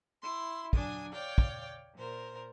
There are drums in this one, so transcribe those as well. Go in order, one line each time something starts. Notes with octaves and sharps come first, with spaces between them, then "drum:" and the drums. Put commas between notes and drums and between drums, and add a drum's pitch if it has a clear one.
E4 C6
F#3 D4 G#5 D#6, drum: kick
C#5 D5 F5 G5
drum: kick
A#2 A#4 C5